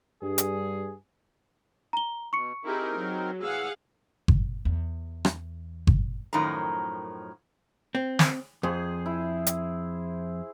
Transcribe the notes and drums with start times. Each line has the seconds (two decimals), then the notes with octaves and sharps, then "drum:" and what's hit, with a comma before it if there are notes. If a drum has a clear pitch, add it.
0.23 G2 G#4
0.38 drum: hi-hat
1.93 A#5 G7
2.33 B2 C#6 C#7
2.65 C4 D#4 E4 G4 G#4 A#4
2.97 F#3
3.42 A2 E3 G#4 F5 F#5 E6
4.28 drum: kick G1
4.65 E2
5.25 drum: rim click
5.87 drum: kick G1
6.33 F#2 A2 D#3 F3 A#5
7.95 C4
8.19 drum: snare
8.63 F2 G#4 C5
9.06 E4
9.47 drum: hi-hat